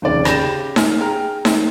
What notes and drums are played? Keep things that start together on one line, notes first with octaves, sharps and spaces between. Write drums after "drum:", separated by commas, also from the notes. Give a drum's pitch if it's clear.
F1 D#2 C#3 D5
C#3 G4 B5 G6 A#6 E7, drum: rim click
G#5 F6, drum: snare D#4
G#4 G5 A#5 F6
drum: snare D#4